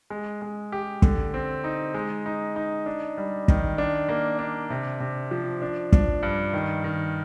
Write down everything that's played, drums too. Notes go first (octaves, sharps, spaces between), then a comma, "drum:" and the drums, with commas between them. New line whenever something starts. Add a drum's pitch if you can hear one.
G#3
G#3
G4
D3, drum: kick
C4
D#4
G#3
D#4
D#4
D4
G3
D#3, drum: kick
D4
A#3
D4
C3
C3
F3
D4
D4, drum: kick
G2
D#3
D#3